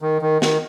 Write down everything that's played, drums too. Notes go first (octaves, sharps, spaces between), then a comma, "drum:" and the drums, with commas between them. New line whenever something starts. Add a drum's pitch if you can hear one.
D#3
D#3
D#3, drum: snare